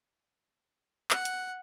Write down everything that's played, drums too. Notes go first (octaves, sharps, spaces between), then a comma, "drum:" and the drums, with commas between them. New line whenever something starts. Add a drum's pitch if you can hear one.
F#5, drum: clap
drum: hi-hat